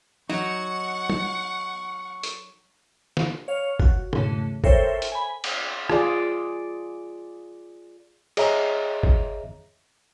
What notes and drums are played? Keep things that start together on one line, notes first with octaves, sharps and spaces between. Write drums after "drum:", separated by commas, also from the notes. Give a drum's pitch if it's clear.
F#3 D#4 F#5 C#6
drum: tom
drum: hi-hat
drum: snare
C#5 F5
F#4, drum: kick G1
E2 G#2 C#3 A3, drum: tom
A4 A#4 C5 C#5 E5 G5, drum: kick G1
drum: hi-hat
G#5 B5
drum: cymbal
F4 G#4 D5, drum: rim click
G#4 C#5 D#5 E5 A#5, drum: cymbal
drum: kick G1